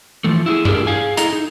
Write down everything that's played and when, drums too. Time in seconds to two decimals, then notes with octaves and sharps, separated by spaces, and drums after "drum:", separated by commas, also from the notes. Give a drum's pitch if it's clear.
0.24 E3 F3 A3
0.46 E4 F4 G#4
0.65 D4 E4 F4 G4 G#4 A#4, drum: tom G2
0.87 G#4 F5 G#5
1.17 E4 G#4 A4 D#5 A#5, drum: hi-hat
1.33 D#4